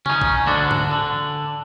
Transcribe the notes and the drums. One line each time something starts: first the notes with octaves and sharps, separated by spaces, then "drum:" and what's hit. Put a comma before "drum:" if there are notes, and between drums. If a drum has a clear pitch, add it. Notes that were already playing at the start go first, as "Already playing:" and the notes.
C#4 D#4, drum: tom
drum: kick
D2 D3 D4 F#4
drum: tom G#2
D3